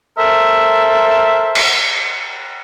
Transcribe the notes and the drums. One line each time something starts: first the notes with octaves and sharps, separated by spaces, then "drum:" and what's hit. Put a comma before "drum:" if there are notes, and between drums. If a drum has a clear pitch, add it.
A4 A#4 C5 E5
drum: cymbal